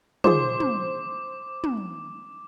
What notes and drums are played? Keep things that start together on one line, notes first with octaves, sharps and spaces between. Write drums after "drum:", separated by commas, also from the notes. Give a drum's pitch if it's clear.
D#4 F4 G#4 C5 D6, drum: tom
drum: tom
drum: tom